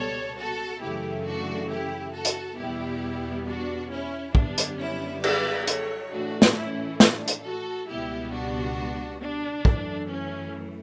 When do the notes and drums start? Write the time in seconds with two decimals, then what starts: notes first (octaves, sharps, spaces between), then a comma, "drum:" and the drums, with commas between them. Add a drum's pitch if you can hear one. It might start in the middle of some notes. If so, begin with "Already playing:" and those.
Already playing: C#2 B2 G3 B3 A4 C#5
0.38 F#4 A4
0.81 F#2 C#3 E3 A3 E4 G4
1.26 D4 F#4
1.70 E4 G4
2.14 F#4 A4
2.25 drum: hi-hat
2.58 E2 B2 G3 B3 E4 G4
3.46 D4 F#4
3.91 C#4 E4
4.35 F#2 D3 G3 B3 D4, drum: kick
4.58 drum: hi-hat
4.79 C#4 E4
5.24 B4 D5, drum: cymbal
5.67 A4 C#5, drum: hi-hat
6.12 A2 E3 A3 D4 F#4
6.42 drum: snare
6.56 C#4 E4
7.00 D4, drum: snare
7.28 drum: hi-hat
7.44 F#4 A4
7.89 C#2 B2 G3 B3 E4 G4
8.33 D4 F#4
9.21 D4
9.65 F#2 E3 A3, drum: kick
10.09 C#4